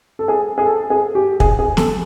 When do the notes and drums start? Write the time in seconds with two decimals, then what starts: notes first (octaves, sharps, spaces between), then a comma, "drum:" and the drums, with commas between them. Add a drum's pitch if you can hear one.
0.19 A4
0.28 G#4
0.58 G#4
0.66 A4
0.90 G#4
1.15 G4
1.40 G#4, drum: kick
1.59 G#4
1.77 A4, drum: snare